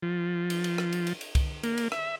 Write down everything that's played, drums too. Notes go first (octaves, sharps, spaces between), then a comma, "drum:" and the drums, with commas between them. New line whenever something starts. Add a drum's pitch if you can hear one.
F3
drum: cymbal
drum: cymbal
drum: rim click
drum: cymbal
drum: cymbal
drum: cymbal
drum: kick C2, cymbal
A#3, drum: cymbal
drum: cymbal
E5, drum: rim click